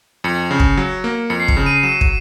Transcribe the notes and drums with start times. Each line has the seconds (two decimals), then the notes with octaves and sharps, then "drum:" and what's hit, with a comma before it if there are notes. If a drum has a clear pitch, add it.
0.24 F2 C#7
0.51 C#3
0.60 drum: kick
0.77 F#3
1.04 A#3
1.30 F2 C#7
1.40 C7
1.48 C#7, drum: kick
1.57 C#3
1.66 D#7
1.83 F#3 E7
2.01 drum: kick